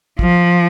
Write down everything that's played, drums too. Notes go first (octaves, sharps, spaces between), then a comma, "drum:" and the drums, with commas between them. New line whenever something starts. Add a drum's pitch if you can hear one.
F3, drum: kick